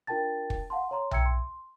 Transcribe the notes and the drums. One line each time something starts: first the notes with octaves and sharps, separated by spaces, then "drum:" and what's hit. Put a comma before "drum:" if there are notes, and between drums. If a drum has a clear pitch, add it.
D4 F4 A#4 G5 A5 A6
drum: kick
F5 F#5 A5 C6
C#5 A#5 C6
E5 G5 A#5 E6 G#6 C#7, drum: tom B1
C6